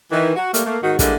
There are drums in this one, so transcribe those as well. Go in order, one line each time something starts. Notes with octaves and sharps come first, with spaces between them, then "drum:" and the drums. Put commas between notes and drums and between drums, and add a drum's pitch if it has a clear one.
D#3 E3
F#4
G3 A3 A#3, drum: hi-hat
A3 A#3
G#2 D#3 D#4 F#4
D3 G3 G#3 A#3 E4, drum: kick, hi-hat